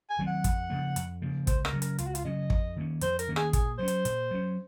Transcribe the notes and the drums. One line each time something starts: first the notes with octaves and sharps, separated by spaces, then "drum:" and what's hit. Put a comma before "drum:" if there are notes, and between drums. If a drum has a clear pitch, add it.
G#5
D#3 F#3 C4
F#5
F2, drum: kick, hi-hat
C#3 F3 A#3
F2, drum: hi-hat
C#3 F3 A#3
C#2 C5, drum: kick, hi-hat
A#4, drum: rim click
C#3 F#3 C#4
A#4, drum: hi-hat
C#2 F4, drum: hi-hat
F#4
F4, drum: hi-hat
C#3 F#3 C#4 D#5
F2, drum: kick
D#3 A#3 C#4
F2 C5, drum: hi-hat
A#4, drum: hi-hat
D#3 A#3 C#4
G#4, drum: rim click
A#2 G#4, drum: kick, hi-hat
F#3 C#4 C5
drum: hi-hat
A#2, drum: hi-hat
F#3 C#4